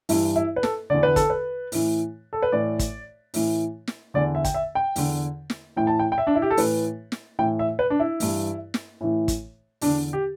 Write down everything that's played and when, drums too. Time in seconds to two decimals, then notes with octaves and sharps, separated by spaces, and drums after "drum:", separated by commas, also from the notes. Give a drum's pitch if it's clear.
0.09 G2 E3 E4, drum: open hi-hat
0.36 E4
0.56 B4
0.63 A4, drum: snare
0.90 E2 D3 D5
1.03 B4
1.16 A4, drum: kick, hi-hat
1.30 B4
1.72 A2 E3, drum: open hi-hat
2.33 A4
2.42 B4
2.52 A2 E3 D5
2.79 drum: kick, hi-hat
3.34 A2 E3, drum: open hi-hat
3.87 drum: snare
4.14 E2 D3 D5
4.35 E5
4.44 G5, drum: kick, hi-hat
4.54 E5
4.75 G5
4.96 E2 D3, drum: open hi-hat
5.50 drum: snare
5.76 A2 E3 G5
5.87 A5
5.99 G5
6.12 G5
6.18 E5
6.27 D4
6.35 E4
6.42 G4
6.51 A4
6.57 A2 E3 B4, drum: open hi-hat
7.12 drum: snare
7.39 A2 E3 G5
7.59 E5
7.79 B4
7.90 D4
8.00 E4
8.20 G2 E3, drum: open hi-hat
8.74 drum: snare
9.01 A2 E3
9.28 drum: kick, hi-hat
9.81 E2 D3 D4, drum: open hi-hat
10.13 G4